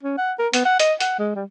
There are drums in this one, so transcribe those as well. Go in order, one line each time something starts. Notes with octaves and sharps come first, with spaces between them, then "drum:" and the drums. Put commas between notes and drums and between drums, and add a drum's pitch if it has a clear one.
C#4
F#5
A#4
B3, drum: hi-hat
F#5
D#5, drum: hi-hat
F#5, drum: hi-hat
G#3
G3